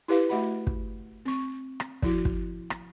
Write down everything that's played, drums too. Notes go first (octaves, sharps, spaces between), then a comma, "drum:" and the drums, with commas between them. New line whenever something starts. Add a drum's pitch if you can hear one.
E4 G4 B4 F5
A3 F#4 D#5 F#5 B5
drum: kick
C4 C#6
drum: rim click
F3 E4 F#4, drum: kick
drum: kick
drum: rim click